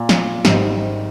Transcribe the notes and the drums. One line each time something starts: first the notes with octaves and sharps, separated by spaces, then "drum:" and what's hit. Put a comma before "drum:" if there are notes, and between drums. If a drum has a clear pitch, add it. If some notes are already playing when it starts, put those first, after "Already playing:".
Already playing: A#2
drum: snare
G#1 G#2 G3, drum: snare